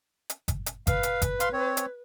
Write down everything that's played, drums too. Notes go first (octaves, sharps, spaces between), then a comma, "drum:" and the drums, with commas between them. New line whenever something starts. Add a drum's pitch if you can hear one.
drum: hi-hat
drum: kick G1, hi-hat
drum: hi-hat
B4 F5, drum: kick G1, hi-hat
drum: hi-hat
drum: kick G1, hi-hat
F5 C6, drum: hi-hat
C4 C#5
drum: hi-hat